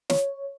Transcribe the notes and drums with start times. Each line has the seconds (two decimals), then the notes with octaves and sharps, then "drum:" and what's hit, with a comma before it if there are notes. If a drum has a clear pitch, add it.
0.10 C#5, drum: snare